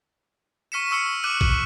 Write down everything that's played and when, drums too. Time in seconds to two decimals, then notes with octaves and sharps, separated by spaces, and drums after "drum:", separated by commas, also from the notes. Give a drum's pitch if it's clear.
0.72 C#6 F6 B6 C#7 E7
0.91 C#6 E6 F6 C#7
1.23 D6 F#6 D#7 F#7
1.41 drum: kick